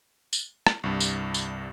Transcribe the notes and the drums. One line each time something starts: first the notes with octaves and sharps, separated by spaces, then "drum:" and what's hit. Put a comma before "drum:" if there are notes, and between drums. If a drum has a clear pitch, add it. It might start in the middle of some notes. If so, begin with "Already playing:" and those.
drum: tambourine
drum: rim click
C2 G2
drum: tambourine
drum: tambourine